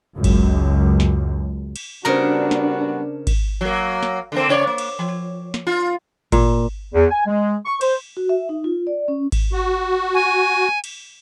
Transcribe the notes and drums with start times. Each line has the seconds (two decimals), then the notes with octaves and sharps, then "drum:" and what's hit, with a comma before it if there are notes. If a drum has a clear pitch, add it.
0.15 C#2 F#2
0.24 drum: kick G#1, cymbal
1.00 drum: snare
1.76 drum: cymbal
2.05 C#3 G3 B3 D4 F#4 A#4 C5 A#5
2.51 drum: snare
3.27 drum: kick G#1, cymbal
3.61 F#3 A#3
4.03 drum: snare
4.32 D3 A#3 C4
4.49 C#3 C#5 D5
4.67 A#3
4.78 drum: cymbal
4.99 F3
5.54 drum: snare
5.67 F4
6.32 A#2, drum: kick G#1, cymbal
6.95 E2
7.11 G#5
7.27 G#3
7.66 C#6
7.81 C5, drum: cymbal
8.17 F#4
8.29 E5
8.49 D#4
8.64 F4
8.87 D5
9.08 C#4
9.32 drum: kick G#1, cymbal
9.53 F#4
10.14 G#5
10.84 drum: cymbal